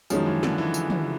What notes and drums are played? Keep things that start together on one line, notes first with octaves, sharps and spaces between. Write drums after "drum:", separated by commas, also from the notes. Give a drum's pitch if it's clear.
F#2 D#3 F3 G#3 C#4, drum: tambourine
E3
D3, drum: snare
E3
drum: tambourine
drum: tom